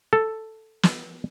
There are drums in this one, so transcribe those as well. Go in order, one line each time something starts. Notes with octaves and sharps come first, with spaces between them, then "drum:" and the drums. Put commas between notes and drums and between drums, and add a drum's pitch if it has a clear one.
A4
drum: snare